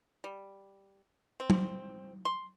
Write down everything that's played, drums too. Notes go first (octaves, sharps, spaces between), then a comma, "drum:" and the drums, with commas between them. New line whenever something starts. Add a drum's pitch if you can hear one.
G3
C4
drum: tom
C6